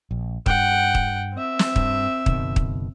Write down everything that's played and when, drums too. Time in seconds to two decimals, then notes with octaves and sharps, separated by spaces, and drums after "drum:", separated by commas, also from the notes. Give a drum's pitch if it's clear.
0.11 A#1
0.46 G2 F#5 G5, drum: kick
0.95 drum: kick
1.34 C4 E5
1.59 drum: snare
1.76 G2, drum: kick
2.26 F#1 B2 D#3, drum: kick
2.56 drum: kick